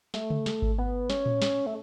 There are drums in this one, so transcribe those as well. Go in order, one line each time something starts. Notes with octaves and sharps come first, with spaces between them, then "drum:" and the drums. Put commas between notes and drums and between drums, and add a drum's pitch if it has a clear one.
A3, drum: snare
drum: tom C#3
drum: snare
drum: kick G#1
B3
C#4, drum: snare
drum: tom A2
drum: snare
A3